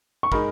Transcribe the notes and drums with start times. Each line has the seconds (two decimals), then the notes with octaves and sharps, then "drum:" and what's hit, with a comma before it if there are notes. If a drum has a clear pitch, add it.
0.23 C#6
0.32 G#3 D#4 A#4 B5, drum: kick